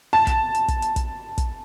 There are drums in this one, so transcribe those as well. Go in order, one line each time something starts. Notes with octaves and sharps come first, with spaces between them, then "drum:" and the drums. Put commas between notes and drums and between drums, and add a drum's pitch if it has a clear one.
A5
drum: kick, hi-hat
drum: hi-hat
drum: kick, hi-hat
drum: hi-hat
drum: kick, hi-hat
drum: kick, hi-hat